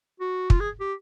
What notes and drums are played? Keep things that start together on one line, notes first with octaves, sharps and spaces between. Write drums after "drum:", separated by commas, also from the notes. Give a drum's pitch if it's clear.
F#4
F4, drum: kick
G#4
G4